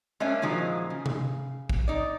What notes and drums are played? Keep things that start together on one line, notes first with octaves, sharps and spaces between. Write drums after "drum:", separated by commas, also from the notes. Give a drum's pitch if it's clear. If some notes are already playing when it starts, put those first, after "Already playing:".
G#3 A#3 C#4 D4 E5
A#2 D#3 F3 F#3 G#3
C#3
drum: tom C3
drum: kick
D#4 D5